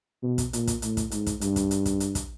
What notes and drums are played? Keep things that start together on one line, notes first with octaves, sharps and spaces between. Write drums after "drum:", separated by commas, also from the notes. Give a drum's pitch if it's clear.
B2
drum: kick, hi-hat
A#2, drum: hi-hat
drum: kick, hi-hat
A2, drum: hi-hat
drum: kick, hi-hat
G#2, drum: hi-hat
drum: kick, hi-hat
G2, drum: hi-hat
drum: kick, hi-hat
drum: hi-hat
drum: kick, hi-hat
drum: hi-hat
drum: kick, hi-hat